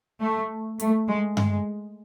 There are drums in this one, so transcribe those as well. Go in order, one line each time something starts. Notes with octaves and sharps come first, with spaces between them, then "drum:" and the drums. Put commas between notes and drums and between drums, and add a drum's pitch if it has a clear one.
A3
A3, drum: hi-hat
G#3
G#3, drum: tom G2